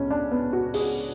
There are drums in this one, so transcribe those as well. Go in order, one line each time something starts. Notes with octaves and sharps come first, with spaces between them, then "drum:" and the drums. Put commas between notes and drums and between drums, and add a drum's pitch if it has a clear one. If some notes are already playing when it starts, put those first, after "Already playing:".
Already playing: C#2 B2 C#4
D4
B3
F#4
G#4, drum: open hi-hat